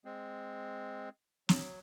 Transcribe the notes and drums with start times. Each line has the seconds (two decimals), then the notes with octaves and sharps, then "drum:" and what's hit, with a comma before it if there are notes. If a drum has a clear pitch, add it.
0.05 G#3 C4
1.49 F#3, drum: snare